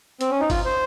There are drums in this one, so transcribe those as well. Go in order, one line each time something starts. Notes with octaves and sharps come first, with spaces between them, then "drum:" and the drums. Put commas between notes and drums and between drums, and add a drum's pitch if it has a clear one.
C4, drum: hi-hat
C#4
D#4
F4, drum: kick G1, open hi-hat
C5